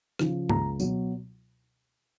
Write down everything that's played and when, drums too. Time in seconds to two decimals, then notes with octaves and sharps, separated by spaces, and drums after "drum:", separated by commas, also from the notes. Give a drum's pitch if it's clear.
0.19 C#3 F3, drum: rim click
0.49 C#2 A#5, drum: tom G2
0.80 B2 F#3, drum: tambourine